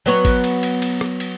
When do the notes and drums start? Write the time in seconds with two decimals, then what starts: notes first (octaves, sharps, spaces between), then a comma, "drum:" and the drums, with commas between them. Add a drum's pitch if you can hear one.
0.06 F#3 B3 C#5
0.25 drum: kick, cymbal
0.44 drum: cymbal
0.63 drum: cymbal
0.82 drum: cymbal
1.01 drum: rim click
1.20 drum: cymbal